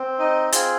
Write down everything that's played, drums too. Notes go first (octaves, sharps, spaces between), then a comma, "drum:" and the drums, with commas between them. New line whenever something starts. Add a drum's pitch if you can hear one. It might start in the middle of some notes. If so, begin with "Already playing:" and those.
Already playing: C4
D#4 D#5
C4 F4 G#4, drum: hi-hat